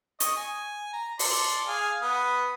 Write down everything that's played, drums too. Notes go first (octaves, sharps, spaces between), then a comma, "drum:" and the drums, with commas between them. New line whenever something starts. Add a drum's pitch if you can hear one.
D#5 C#6, drum: hi-hat
G#5
A#5
D5 A5 C6, drum: open hi-hat
G#4 F5 G#5
B3 D#6